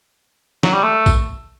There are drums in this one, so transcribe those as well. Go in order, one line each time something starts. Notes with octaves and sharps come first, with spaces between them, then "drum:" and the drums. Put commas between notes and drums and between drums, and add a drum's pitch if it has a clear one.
F#3, drum: snare
G3
A3
drum: kick, tambourine